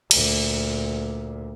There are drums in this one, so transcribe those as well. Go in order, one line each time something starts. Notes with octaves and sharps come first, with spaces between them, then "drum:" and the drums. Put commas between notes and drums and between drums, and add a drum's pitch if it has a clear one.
D2 A#2, drum: cymbal